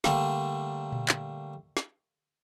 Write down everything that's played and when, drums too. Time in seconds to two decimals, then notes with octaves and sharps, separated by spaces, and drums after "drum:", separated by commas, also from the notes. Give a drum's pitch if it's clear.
0.04 D3 G3 A3 A#3, drum: snare
0.92 drum: tom A#2
1.09 drum: clap
1.77 drum: snare